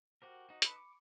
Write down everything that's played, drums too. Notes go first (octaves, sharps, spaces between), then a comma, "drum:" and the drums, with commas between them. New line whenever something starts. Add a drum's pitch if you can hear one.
F#4 G4 A#4 C5
D#4 F#4
D#4 A4 B4 B5 C#6 C#7, drum: hi-hat
D6